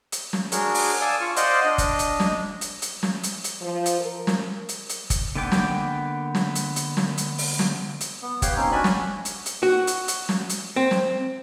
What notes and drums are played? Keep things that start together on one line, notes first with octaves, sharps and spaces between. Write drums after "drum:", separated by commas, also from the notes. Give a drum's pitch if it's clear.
drum: hi-hat
drum: snare
D4 F#4 G#4 A#4 C#5, drum: hi-hat
drum: open hi-hat
D5 F5 G#5 A5 D#6 E6
F4 C#6
C5 D5 D#5 F5 F#5 C6, drum: hi-hat
D4 D#5
drum: kick, hi-hat
drum: hi-hat
drum: snare
drum: hi-hat
drum: hi-hat
drum: snare
drum: hi-hat
drum: hi-hat
F3
drum: hi-hat
A#4
drum: snare
drum: hi-hat
drum: hi-hat
drum: kick, hi-hat
D3 A#3 B3 G5 D6
drum: snare
drum: snare
drum: hi-hat
drum: hi-hat
drum: snare
drum: hi-hat
drum: open hi-hat
drum: snare
drum: hi-hat
B3
G4 B4 C#5 F5 G5, drum: kick, hi-hat
A#3 C4 C#4 D#4
D4 F#4 D5 G#5 B5
C#4 G#5, drum: snare
drum: hi-hat
drum: hi-hat
F#4
drum: hi-hat
drum: hi-hat
drum: snare
drum: hi-hat
C4
drum: snare